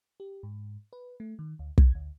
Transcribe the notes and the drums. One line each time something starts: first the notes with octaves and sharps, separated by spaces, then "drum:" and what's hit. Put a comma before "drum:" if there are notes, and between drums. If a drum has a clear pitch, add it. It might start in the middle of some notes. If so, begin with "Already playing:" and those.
G4
G#2
B4
A3
D#3
D2
G#6, drum: kick
D2